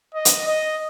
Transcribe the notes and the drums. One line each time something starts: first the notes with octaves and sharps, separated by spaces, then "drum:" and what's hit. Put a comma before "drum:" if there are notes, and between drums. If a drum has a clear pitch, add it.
D#5
drum: hi-hat
D#5